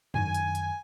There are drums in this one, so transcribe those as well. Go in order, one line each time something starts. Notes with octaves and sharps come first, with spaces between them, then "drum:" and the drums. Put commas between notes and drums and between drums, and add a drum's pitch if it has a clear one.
F#2 D#3 G#5, drum: tom G2
drum: hi-hat
drum: hi-hat